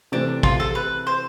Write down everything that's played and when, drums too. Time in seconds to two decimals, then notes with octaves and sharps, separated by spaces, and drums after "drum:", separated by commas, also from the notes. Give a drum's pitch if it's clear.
0.12 C3 E3 A3 C4 D4
0.43 F4, drum: kick
0.60 A4
0.75 B4
1.07 C5